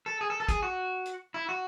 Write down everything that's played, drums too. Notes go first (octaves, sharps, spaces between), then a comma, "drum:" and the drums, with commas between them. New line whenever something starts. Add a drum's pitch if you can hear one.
A4
G#4
A4
A4
G#4, drum: kick, hi-hat
F#4
drum: hi-hat
E4
F#4